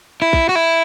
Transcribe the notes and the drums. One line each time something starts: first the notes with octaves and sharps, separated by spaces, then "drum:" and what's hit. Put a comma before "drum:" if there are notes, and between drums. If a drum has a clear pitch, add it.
E4
drum: kick
F#4
E4